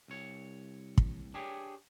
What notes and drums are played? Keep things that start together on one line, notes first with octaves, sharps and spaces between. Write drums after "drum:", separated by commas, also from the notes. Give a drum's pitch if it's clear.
C2 C#5
drum: kick
D4 G4 G#4 C#5